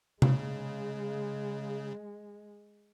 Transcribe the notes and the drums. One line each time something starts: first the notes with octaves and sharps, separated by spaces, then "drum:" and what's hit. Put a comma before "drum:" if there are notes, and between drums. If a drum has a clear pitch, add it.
C#3 G#3, drum: tom C3